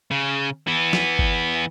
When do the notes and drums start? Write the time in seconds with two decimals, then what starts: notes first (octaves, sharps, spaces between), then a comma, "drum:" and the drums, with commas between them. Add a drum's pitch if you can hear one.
0.11 C#3
0.67 E3 B3
0.93 drum: snare
1.19 drum: kick G1